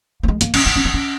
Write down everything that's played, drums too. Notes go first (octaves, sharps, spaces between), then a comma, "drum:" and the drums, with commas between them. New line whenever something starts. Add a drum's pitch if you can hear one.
A#3
G#3
A#3, drum: hi-hat
C#4, drum: cymbal
D#4
C#4
C4
C#4